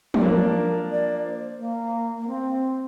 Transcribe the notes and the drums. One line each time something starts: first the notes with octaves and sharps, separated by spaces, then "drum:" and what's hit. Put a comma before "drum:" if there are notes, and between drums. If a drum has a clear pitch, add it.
G4, drum: tom F3
F3 A#3 D4 A#4
D5
C5
A#3
A#3
C4